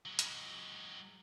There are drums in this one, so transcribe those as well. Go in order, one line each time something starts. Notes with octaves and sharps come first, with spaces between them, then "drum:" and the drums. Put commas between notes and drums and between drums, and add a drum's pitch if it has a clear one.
F#3 G#3
drum: hi-hat